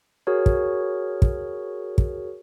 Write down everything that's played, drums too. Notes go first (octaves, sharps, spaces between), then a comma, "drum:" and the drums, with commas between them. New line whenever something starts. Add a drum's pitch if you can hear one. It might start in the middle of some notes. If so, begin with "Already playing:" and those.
F#4 G#4 A#4 C#5
drum: kick
drum: kick
drum: kick